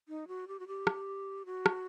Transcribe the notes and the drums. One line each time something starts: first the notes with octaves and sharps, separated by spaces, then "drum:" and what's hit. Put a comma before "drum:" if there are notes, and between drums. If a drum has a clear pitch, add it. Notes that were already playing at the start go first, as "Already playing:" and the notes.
D#4
F#4
G4
F#4
G4
drum: rim click
F#4
drum: rim click